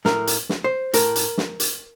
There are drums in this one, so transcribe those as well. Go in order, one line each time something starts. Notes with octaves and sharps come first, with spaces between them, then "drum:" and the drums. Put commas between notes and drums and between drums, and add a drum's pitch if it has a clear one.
A2 A#4, drum: snare
drum: hi-hat
drum: snare
C5
A2 A#4, drum: hi-hat
drum: hi-hat
drum: snare
drum: hi-hat